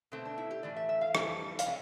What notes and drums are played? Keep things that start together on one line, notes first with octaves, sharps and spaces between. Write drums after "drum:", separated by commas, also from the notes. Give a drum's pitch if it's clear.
B2 A3 C4
D4
E4
G4
A2 E3 A3 D5
E5
E5
F5
F2 E3 G3, drum: rim click
F5, drum: hi-hat
C3